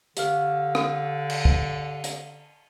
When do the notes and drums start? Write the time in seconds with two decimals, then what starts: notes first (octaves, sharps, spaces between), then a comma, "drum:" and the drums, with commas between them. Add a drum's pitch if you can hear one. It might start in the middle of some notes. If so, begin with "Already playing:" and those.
0.17 D3 G4 F5 F6, drum: hi-hat
0.75 drum: rim click
1.30 drum: cymbal
1.45 drum: kick
2.04 drum: hi-hat